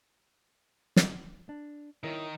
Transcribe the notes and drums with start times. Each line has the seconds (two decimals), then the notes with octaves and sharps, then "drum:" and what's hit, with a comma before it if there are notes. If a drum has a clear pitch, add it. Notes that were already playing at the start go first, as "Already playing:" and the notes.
0.96 drum: snare
1.49 D4
2.04 D#3 E4 A#4 C#5